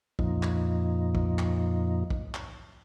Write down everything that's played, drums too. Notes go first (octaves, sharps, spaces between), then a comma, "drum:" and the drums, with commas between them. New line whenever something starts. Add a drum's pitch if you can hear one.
F2 A#2 F3 D#4, drum: kick
drum: clap
drum: kick
drum: clap
drum: kick
drum: clap